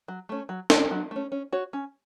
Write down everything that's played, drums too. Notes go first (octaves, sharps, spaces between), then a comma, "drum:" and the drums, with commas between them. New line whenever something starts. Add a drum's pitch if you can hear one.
F#3
A3 C#4
F#3
A3 C#4, drum: snare
F#3
A3 C#4
C#4
F#4 C#5
C#4